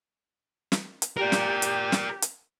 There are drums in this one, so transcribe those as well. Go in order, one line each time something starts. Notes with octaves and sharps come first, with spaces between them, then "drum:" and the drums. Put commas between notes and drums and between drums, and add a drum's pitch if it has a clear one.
drum: snare
drum: hi-hat
G4 A#4 D5
drum: snare
drum: hi-hat
drum: snare
drum: hi-hat